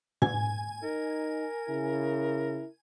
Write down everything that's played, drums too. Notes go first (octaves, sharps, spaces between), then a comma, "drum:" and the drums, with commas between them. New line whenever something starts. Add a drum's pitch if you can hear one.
G#5, drum: tom
D#4 A#4
C#3 E4